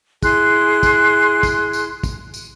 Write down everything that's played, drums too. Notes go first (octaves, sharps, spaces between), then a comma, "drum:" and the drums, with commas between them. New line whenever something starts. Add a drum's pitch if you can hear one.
E4 G#4 C6 F#6, drum: kick, tambourine
drum: kick, tambourine
drum: kick, tambourine
drum: tambourine
drum: kick, tambourine
drum: tambourine